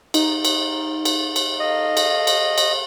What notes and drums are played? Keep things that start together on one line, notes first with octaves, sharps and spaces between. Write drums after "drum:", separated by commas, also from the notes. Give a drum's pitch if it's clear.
D#4, drum: cymbal
drum: cymbal
drum: cymbal
drum: cymbal
A4 D#5 F5
drum: cymbal
drum: cymbal
drum: cymbal